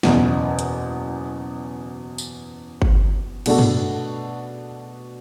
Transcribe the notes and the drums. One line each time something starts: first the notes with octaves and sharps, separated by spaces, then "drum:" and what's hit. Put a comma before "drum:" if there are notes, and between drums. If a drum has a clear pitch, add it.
F#1 E2 B2, drum: snare
drum: hi-hat
drum: tambourine
drum: kick G1
B2 A3 D4 F#4 A4, drum: cymbal
drum: tom